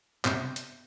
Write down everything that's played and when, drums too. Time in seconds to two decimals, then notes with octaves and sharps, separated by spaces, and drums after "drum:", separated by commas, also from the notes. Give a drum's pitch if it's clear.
0.25 C3, drum: clap
0.56 drum: hi-hat